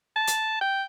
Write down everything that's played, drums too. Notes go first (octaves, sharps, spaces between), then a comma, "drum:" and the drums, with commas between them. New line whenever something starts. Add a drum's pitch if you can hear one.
A5
drum: hi-hat
G5